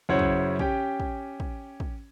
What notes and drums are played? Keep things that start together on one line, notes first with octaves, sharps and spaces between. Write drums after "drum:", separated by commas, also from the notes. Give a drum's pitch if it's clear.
F#2 C#3 E4 C5 C#5 F#5
drum: kick
C#4 G4 G5, drum: kick
drum: kick
drum: kick
drum: kick